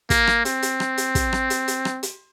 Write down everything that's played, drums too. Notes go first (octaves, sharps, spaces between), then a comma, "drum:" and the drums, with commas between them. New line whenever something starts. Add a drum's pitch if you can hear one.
A#3, drum: kick, hi-hat
drum: rim click
C4, drum: hi-hat
drum: hi-hat
drum: rim click
drum: hi-hat
drum: kick, hi-hat
drum: rim click
drum: hi-hat
drum: hi-hat
drum: rim click
drum: hi-hat